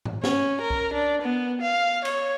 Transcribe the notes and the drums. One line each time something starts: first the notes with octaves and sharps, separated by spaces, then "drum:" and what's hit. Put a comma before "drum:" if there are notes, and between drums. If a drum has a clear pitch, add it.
drum: tom G#2
C#4, drum: snare
A#4
drum: kick C2
D4
B3
F5
C#5, drum: cymbal